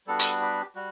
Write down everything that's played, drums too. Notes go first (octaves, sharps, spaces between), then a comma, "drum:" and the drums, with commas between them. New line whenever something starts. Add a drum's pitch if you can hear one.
G3 B3 D4 F#4 A4
drum: hi-hat
G4
G3 F#4